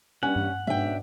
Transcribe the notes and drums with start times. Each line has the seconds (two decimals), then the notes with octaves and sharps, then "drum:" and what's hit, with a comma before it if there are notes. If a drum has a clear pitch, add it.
0.23 G2 C#4 F#5 G#5
0.36 drum: tom G2
0.67 G#2 B2 C#4 D4 E5 G5